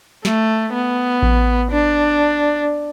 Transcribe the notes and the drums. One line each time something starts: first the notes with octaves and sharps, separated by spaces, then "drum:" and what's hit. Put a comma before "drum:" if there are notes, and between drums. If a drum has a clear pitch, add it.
A3, drum: snare
B3
drum: kick A1
D4